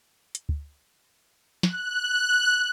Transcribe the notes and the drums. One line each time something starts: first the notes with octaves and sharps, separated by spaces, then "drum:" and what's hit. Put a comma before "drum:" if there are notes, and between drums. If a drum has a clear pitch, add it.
drum: hi-hat
drum: kick
F#6, drum: snare